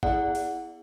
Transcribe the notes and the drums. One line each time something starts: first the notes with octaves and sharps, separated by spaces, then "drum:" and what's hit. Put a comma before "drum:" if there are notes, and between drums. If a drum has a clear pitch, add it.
B3 E4 G#4 D5 F#5, drum: kick
drum: open hi-hat